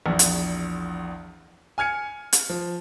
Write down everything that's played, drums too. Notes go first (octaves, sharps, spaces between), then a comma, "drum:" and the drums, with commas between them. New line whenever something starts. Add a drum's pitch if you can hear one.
A#1 E2
drum: hi-hat
G#5 F6 G#6 C#7
drum: hi-hat
F3